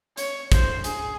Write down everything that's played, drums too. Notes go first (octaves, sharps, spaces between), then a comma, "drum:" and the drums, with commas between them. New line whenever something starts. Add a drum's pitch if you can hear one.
C#5, drum: hi-hat
C5, drum: kick, hi-hat
G#4, drum: hi-hat